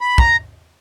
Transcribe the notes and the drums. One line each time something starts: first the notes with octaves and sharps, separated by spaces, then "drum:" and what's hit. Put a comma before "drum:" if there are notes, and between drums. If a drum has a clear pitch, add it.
B5
A#5, drum: kick